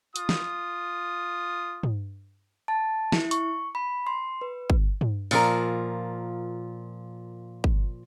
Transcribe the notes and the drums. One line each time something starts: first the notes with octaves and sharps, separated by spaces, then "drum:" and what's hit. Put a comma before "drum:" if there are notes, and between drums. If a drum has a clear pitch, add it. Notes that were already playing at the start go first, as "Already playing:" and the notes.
F4 D#6, drum: hi-hat
drum: snare
drum: tom
A5
E4, drum: snare
C#6, drum: hi-hat
B5
C6
B4
drum: kick
drum: tom
A#2 F3 A#4, drum: open hi-hat
drum: kick